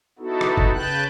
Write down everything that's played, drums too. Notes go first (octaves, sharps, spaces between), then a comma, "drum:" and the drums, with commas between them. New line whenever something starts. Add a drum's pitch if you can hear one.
B3 D#4 E4 F#4 A4
drum: rim click
drum: kick F#1
C#3 B4 G5 A5 F#6